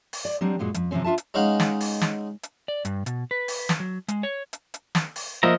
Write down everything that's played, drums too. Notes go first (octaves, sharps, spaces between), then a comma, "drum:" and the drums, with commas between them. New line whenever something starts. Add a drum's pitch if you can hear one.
drum: open hi-hat
D5
F#3 G3 C4 D4
F#2 A#2 G#3 F#4
F2, drum: hi-hat
C3 E3 F3 C4 C#4
D4 F4 E5 A5
drum: hi-hat
G#3 C#4 D#4 F5 F#5
drum: snare
drum: open hi-hat
drum: snare
drum: hi-hat
D5
G2, drum: hi-hat
B2, drum: hi-hat
B4
drum: open hi-hat
drum: snare
F#3
G#3, drum: hi-hat
C#5
drum: hi-hat
drum: hi-hat
drum: snare
drum: open hi-hat
F3 A#3 D#5 E5 A#5